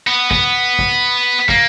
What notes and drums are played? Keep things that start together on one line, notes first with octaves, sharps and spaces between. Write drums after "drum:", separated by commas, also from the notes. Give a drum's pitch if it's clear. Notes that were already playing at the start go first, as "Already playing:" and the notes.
B3
B3, drum: kick
drum: kick
A#3, drum: kick